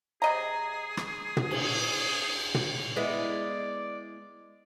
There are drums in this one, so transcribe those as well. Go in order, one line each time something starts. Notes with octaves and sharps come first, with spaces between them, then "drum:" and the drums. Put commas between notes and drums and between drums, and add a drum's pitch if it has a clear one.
C3 G#4 D#5 A#5
drum: rim click
drum: tom
drum: cymbal
drum: tom
G#3 B3 E4 D5